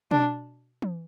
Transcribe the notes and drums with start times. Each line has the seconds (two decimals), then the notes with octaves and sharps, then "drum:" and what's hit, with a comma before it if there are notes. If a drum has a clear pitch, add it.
0.11 D4, drum: tom B2
0.82 drum: tom E3